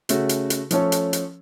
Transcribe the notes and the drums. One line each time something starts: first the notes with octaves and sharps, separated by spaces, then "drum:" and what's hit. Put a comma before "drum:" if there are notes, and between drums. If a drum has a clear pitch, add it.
C#3 A3 C#4 F#4, drum: hi-hat
drum: hi-hat
drum: hi-hat
F3 A3 C#4 A4 C#5, drum: hi-hat
drum: hi-hat
drum: hi-hat